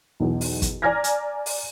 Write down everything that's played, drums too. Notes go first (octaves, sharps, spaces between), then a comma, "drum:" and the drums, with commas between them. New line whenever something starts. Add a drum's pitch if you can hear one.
B1 E2
drum: open hi-hat
drum: kick, hi-hat
D5 G#5 A#5 F6 G#6 A#6
drum: hi-hat
drum: open hi-hat